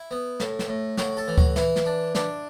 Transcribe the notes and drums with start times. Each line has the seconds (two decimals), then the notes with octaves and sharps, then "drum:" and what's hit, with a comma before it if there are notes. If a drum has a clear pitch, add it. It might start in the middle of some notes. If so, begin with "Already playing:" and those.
Already playing: E4
0.11 B3
0.40 A2, drum: snare
0.59 drum: snare
0.68 A2
0.97 A2 F#4, drum: snare
1.17 A4
1.28 E3
1.38 F#4, drum: kick D2
1.56 E3 E4, drum: snare
1.76 drum: snare
1.86 D4
2.15 D4, drum: snare